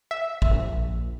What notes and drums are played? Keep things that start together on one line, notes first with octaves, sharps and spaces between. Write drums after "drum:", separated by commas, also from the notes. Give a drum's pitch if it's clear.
E5
drum: kick
A#1